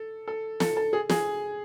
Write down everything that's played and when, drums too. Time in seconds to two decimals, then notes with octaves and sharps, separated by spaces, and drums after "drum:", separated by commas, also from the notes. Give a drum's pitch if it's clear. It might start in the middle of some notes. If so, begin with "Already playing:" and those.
Already playing: A4
0.28 A4
0.60 A4, drum: snare
0.77 A4
0.93 G#4
1.09 G#4, drum: snare